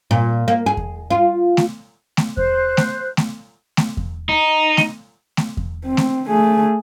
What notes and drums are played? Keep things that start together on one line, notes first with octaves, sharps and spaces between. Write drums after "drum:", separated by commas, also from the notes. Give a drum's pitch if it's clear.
A#2
A#3
G#4
drum: kick E2
F4
drum: snare A3
drum: snare A3
C5 F#6, drum: kick E2
drum: snare A3
drum: snare A3
drum: snare A3
drum: kick E2
D#4
drum: snare A3
drum: snare A3
drum: kick E2
C4
drum: snare A3
A3 G#4